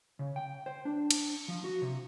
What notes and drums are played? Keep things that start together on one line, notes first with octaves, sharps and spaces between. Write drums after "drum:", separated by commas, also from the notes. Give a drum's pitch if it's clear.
C#3
G5
C5
D4
drum: cymbal
F3
F#4
C3